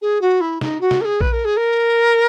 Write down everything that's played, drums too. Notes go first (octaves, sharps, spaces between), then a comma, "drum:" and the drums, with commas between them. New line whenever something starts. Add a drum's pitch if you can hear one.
G#4
F#4
E4
D#4, drum: snare
F#4
drum: snare
A#4
G#4
B4, drum: kick A#1
A#4
G#4
A#4